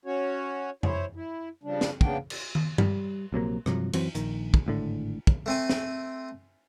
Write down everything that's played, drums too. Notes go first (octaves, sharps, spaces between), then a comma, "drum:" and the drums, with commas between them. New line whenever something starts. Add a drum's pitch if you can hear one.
C#4 F#4 C#5
E4 C5 C#5, drum: tom F2
E4
C#3 F3 G3 D4
drum: snare
C#3 A#3 B3 D4 G5, drum: kick
drum: cymbal
drum: tom D#3
G3, drum: tom G2
A#1 C3 F#3 A#3
G2 C3 F3 F#3, drum: rim click
F#2 E3 F#3 C4, drum: cymbal
A#1 D#3, drum: hi-hat
drum: kick
G#1 A2 D3
drum: kick
A3 C4 G#5
drum: snare